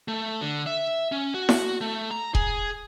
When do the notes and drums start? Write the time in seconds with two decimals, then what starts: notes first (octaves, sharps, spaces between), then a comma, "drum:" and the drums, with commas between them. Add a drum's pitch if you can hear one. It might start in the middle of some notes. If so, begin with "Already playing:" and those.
0.08 A3
0.41 D3
0.66 E5
1.12 C#4
1.34 F#4
1.49 drum: snare E4
1.81 A3
2.11 A#5
2.35 G#4, drum: kick E1